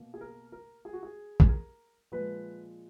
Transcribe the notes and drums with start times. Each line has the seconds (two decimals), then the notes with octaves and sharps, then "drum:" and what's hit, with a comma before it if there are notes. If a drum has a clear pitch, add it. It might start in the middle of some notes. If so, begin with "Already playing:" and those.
Already playing: B2 A#3
0.14 G#4
0.21 A#4
0.52 A#4
0.85 G#4
0.93 F#4
1.03 G#4
1.40 G#4, drum: kick A#1
1.48 A#4
2.12 A#2 F3 G#3 B4